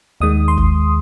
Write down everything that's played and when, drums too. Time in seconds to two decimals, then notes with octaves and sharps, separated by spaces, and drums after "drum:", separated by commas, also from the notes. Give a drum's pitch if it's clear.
0.21 D#2 D#3 G#3 D#6
0.48 C6
0.58 drum: kick